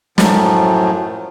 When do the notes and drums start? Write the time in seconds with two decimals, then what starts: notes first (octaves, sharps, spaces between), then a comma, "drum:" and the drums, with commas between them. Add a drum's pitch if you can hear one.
0.18 F#2 A2 F3 F#3, drum: snare